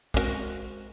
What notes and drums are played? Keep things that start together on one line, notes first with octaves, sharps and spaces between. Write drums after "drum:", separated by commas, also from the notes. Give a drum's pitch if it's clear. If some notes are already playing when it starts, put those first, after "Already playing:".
G#3 C4 D4 F#4 A#4, drum: kick